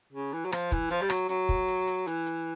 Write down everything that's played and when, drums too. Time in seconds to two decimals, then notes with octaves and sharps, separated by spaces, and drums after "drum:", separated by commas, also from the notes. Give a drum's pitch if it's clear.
0.13 C#3
0.33 E3
0.45 F#3
0.52 F3, drum: rim click
0.72 E3, drum: kick, hi-hat
0.90 F3, drum: hi-hat
1.02 G3
1.10 F#3, drum: rim click
1.29 F#3, drum: hi-hat
1.49 drum: kick
1.68 drum: hi-hat
1.88 drum: hi-hat
2.07 E3, drum: hi-hat
2.26 drum: hi-hat